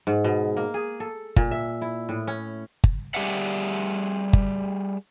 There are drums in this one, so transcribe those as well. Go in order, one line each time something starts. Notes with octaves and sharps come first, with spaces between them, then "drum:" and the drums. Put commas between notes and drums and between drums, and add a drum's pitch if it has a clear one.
G#2
B2
A#3
G#4
A4
A#2, drum: kick G1
E5
E4
A2
C#4
drum: kick G1
G3 A#3 G4 G#4 E5 F#5
drum: kick G1